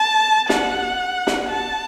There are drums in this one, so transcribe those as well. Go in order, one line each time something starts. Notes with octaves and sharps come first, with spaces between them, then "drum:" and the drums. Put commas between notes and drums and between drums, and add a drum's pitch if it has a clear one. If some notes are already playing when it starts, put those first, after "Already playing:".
Already playing: A5
F#5, drum: snare
drum: snare
A5